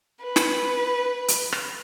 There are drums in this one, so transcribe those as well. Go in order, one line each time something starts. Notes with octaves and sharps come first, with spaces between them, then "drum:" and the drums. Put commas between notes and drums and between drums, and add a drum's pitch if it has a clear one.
B4
drum: snare
drum: hi-hat
drum: rim click